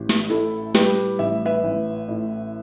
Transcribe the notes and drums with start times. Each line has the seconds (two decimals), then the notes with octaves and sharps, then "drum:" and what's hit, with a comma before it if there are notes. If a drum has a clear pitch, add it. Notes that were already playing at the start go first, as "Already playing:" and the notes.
Already playing: A1 G4
0.09 drum: snare
0.30 A2 E4 A4
0.74 G3 G4 B4, drum: snare
1.19 A1 E5
1.45 B4 E5
1.63 A1
2.08 A2